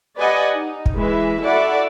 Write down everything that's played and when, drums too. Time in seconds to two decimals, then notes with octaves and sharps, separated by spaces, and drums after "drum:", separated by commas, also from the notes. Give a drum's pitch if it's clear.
0.17 G4 B4 D5 D#5 F#5 G#5
0.52 D#4
0.86 drum: kick
0.96 E3 G#3 B4 E5
1.42 E4 F#4 A4 D5 E5 F#5